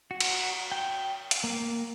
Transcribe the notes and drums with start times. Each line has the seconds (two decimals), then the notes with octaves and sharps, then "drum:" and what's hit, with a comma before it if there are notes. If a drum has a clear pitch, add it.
0.11 F#4
0.21 drum: cymbal
0.72 G5
1.31 drum: hi-hat
1.44 A#3